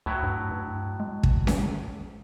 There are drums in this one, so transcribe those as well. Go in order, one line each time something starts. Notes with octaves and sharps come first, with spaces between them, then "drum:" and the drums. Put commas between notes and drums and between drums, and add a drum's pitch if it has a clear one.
D2 A2 F#3 E4
G2
G2
G#3
drum: kick
drum: snare C#4